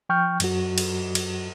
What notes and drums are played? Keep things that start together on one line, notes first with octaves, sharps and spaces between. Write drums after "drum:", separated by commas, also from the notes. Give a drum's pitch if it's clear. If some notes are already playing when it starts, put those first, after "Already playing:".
F3 G5 C#6 F6 G6
F#2 F#3 F#4, drum: cymbal
drum: cymbal
drum: cymbal